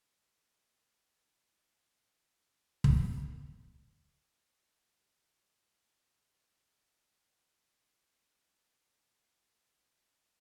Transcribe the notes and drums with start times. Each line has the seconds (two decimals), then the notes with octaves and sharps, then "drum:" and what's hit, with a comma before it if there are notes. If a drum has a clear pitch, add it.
0.10 D#5
0.27 F#5
0.42 G5
0.54 D4
0.68 F5
0.89 D6
1.08 B5
1.20 G#5
1.33 G4
1.52 G#4
1.72 C#5
2.31 G#3 A3
2.84 drum: kick
5.84 E4 A5 C7
8.74 G4 A6 F#7 G7
9.56 C6
9.93 F4 B4 D#5 D7 D#7